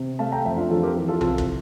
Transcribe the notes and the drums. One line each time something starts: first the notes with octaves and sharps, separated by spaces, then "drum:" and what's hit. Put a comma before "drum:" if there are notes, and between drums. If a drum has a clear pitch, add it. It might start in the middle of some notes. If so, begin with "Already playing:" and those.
Already playing: C3
A3 F5 A5
G5 A#5
F2 C5 E5
D4 F4
F2 F4 A4
G4 A#4
E3
F4 A4
C3 F4 A4, drum: tom B1
drum: kick